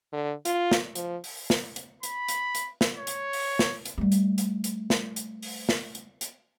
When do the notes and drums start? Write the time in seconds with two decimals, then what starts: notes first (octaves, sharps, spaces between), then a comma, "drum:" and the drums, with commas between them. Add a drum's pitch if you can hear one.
0.13 D3
0.45 F4, drum: hi-hat
0.71 drum: snare
0.95 F3, drum: hi-hat
1.24 drum: open hi-hat
1.50 drum: snare
1.76 drum: hi-hat
2.03 B5, drum: hi-hat
2.28 drum: hi-hat
2.55 drum: hi-hat
2.81 drum: snare
2.98 C#5
3.07 drum: hi-hat
3.33 drum: open hi-hat
3.59 drum: snare
3.86 drum: hi-hat
3.98 G3 A3
4.12 drum: hi-hat
4.38 drum: hi-hat
4.64 drum: hi-hat
4.90 drum: snare
5.16 drum: hi-hat
5.43 drum: open hi-hat
5.69 drum: snare
5.95 drum: hi-hat
6.21 drum: hi-hat